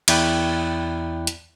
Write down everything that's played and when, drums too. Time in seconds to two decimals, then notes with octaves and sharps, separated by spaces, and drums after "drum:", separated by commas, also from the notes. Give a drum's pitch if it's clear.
0.08 E2 E4 D5 G5 B5 F#6, drum: cymbal
1.27 drum: hi-hat